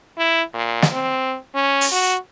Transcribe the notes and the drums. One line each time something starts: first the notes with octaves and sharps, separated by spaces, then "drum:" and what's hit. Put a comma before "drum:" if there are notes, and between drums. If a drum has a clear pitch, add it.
E4
A#2
drum: snare
C4
C#4
drum: open hi-hat
F#4